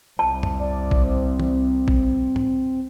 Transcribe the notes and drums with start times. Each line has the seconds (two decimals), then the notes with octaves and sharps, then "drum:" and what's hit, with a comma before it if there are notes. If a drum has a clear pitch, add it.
0.19 C2 A5
0.43 drum: tom
0.59 D5
0.91 drum: kick A#1
1.04 C4
1.40 drum: tom
1.88 drum: kick A#1
2.36 drum: tom G#2